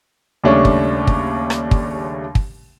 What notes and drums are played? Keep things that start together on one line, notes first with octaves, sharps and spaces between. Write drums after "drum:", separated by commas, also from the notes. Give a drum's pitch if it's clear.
D#2 C#3 G3 A3 C#4 D4
drum: kick
drum: kick
drum: rim click
drum: kick
drum: kick